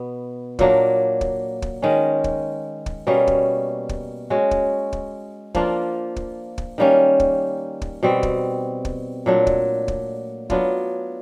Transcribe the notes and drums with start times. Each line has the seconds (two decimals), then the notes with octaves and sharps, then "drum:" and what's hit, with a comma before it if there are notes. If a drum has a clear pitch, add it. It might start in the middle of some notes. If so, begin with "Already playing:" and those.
Already playing: B2 B3
0.59 A#2 F#3 A#3 D4, drum: kick
1.21 drum: kick
1.62 drum: kick
1.82 D#3 G#3 C#4
2.24 drum: kick
2.86 drum: kick
3.07 B2 G3 A#3 C#4
3.27 drum: kick
3.89 drum: kick
4.30 G#3 C#4 F#4
4.51 drum: kick
4.93 drum: kick
5.55 F3 A#3 D4 F4, drum: kick
6.16 drum: kick
6.58 drum: kick
6.78 D#3 G3 A#3 C#4
7.20 drum: kick
7.82 drum: kick
8.03 B2 G3 C4
8.23 drum: kick
8.85 drum: kick
9.26 A#2 F#3 A3 D4
9.47 drum: kick
9.88 drum: kick
10.50 F#3 B3 D4 F4, drum: kick